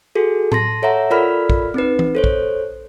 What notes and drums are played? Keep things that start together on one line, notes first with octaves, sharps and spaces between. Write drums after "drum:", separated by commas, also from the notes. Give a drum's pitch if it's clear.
F#4 G#4 A4
A5 C6 A#6, drum: tom A2
A4 C#5 E5 F#5 A#5
F4 A4 A#4 D5 B5 F6
drum: kick
C4 D#4 B4
drum: tom E3
A4 C5 C#5
drum: kick